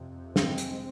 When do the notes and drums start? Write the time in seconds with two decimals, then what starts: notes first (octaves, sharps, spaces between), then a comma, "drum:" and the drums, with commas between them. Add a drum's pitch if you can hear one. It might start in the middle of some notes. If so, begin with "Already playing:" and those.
Already playing: F2 C3
0.36 G#3 C4, drum: snare
0.58 drum: hi-hat